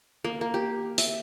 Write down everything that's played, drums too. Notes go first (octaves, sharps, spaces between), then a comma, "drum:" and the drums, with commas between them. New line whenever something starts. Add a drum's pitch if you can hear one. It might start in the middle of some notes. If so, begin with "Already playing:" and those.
A#3
A#3
G4
E5, drum: open hi-hat